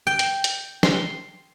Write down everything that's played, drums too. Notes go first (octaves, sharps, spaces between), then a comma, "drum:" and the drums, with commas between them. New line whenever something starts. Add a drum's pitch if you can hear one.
G5
drum: hi-hat
drum: hi-hat
C6, drum: snare